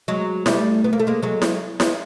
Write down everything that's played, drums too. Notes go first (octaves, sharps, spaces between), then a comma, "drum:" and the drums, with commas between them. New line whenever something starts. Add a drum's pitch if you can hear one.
F#3 G#3
G3 A3, drum: snare E4
B3
A#3
A3
G#3 A#3
F#3 G#3
drum: snare E4
drum: snare E4